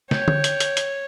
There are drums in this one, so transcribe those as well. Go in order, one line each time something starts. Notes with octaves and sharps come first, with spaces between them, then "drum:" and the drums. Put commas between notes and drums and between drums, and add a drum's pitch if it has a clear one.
C#5 G5, drum: snare
drum: tom D3
drum: hi-hat
drum: hi-hat
drum: hi-hat